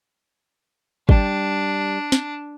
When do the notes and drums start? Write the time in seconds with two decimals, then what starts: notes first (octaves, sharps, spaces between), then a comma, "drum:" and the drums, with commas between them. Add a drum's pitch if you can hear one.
1.09 G3 D4, drum: kick
2.12 drum: snare